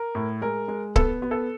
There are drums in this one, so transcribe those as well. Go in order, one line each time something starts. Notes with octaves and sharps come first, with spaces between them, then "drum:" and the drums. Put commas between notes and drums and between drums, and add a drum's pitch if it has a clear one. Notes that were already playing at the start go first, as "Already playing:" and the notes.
Already playing: A#4
A2
G#3 A#4
G#3
B3 A4, drum: kick C#1
B3
A4